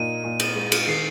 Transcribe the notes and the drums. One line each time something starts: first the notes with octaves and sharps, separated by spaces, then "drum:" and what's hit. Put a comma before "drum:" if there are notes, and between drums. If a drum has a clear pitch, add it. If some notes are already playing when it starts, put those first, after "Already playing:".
Already playing: A#2 D#4 D#7
A#2
drum: cymbal
G#3
drum: cymbal
D#3 C7